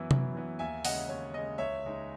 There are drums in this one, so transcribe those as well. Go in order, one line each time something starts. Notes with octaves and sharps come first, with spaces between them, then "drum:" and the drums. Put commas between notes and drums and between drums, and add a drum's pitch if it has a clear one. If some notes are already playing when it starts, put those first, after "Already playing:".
Already playing: F#2 E3 B3 E4
F#2, drum: tom C3
E3 B3 E4
D#2 E5 G#5
C#3 G#3 D#5 F#5, drum: open hi-hat
D#2 C#5
C#3 G#3 D#5
C#2 C#5 E5
C#3 G#3 D#4